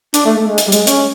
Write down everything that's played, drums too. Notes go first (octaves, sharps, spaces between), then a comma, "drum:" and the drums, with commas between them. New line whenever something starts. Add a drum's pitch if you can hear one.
D4, drum: hi-hat
A3
A3
G#3
drum: hi-hat
G3
G#3, drum: hi-hat
C#4, drum: hi-hat